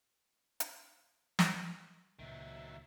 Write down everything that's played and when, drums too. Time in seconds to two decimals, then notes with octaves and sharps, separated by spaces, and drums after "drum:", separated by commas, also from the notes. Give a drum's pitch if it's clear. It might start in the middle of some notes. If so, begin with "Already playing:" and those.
0.60 drum: hi-hat
1.39 drum: snare
2.19 C#2 A#2 D#3 F#3 E5